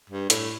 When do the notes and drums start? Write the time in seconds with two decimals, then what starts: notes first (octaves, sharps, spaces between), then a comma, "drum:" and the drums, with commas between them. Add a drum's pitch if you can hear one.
0.10 G2
0.30 A2, drum: hi-hat